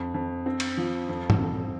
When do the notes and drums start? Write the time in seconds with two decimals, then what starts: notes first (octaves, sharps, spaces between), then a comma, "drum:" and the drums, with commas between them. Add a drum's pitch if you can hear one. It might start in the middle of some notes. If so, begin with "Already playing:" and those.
Already playing: F2
0.14 F2
0.46 C4
0.60 drum: cymbal
0.77 F3
1.09 F2
1.30 drum: tom
1.40 F2